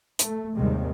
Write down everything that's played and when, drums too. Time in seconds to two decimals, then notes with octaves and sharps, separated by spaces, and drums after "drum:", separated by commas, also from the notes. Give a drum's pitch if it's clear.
0.19 A3, drum: hi-hat
0.56 D#2 G#2 C3 D#3 G3 G#3